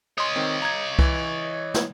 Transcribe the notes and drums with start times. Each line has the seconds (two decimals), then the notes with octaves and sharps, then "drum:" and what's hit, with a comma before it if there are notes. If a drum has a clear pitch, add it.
0.18 C#5 D#5 C6 D#6
0.36 D#3 C4
0.62 A#5 G#6
0.99 E3, drum: kick C2
1.74 drum: snare